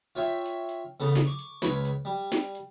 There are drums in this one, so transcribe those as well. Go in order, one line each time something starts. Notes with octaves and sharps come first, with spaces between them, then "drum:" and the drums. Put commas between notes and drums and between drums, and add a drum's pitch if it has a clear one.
F4 C#5 E5 G5
drum: hi-hat
drum: hi-hat
C#3 B3 A4
drum: snare
C#6 D6
drum: hi-hat
C#2 B4 C#5 B5, drum: snare
drum: hi-hat
G3
drum: snare
drum: hi-hat